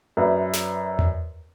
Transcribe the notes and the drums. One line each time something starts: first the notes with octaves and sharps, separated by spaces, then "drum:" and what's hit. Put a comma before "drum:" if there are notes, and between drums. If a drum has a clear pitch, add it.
F#2 B4 D5 E5
drum: snare
drum: tom E2